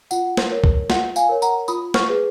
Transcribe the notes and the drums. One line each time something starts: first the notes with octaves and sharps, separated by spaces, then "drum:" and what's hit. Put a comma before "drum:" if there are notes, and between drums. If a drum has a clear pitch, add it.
F4 F#5, drum: tambourine
drum: snare
A#4 C#5
drum: kick
F4 F#5, drum: snare
F5 G#5, drum: tambourine
A#4 C#5
F#5 A#5, drum: tambourine
F4 B5 D#6, drum: tambourine
C#6 F6, drum: snare
G#4 B4